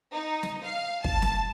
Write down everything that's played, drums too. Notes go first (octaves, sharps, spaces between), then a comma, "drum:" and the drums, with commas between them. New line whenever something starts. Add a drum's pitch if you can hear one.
D#4
drum: snare
F5
A5, drum: kick
drum: snare